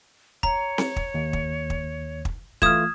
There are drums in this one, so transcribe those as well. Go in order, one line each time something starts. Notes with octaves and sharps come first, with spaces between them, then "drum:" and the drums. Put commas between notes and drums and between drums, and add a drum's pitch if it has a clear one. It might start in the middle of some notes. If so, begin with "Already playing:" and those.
C#5 A#5, drum: kick
drum: snare C4
drum: kick
D#2
drum: kick
drum: kick
drum: kick
E3 A3 F4 D#6 F6 G#6 E7, drum: kick